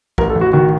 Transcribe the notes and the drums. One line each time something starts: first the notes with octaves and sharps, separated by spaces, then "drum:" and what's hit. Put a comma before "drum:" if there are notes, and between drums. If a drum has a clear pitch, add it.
A1 A#4, drum: kick B1
A4
A1
F#4
D#3 F#4